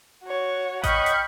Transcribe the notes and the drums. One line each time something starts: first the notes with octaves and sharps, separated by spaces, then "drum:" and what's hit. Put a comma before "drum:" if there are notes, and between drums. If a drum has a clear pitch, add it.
F#4 C#5
C#5 D#5 F#5 G5 B5 C#6 F6 G6, drum: kick A1, hi-hat
drum: hi-hat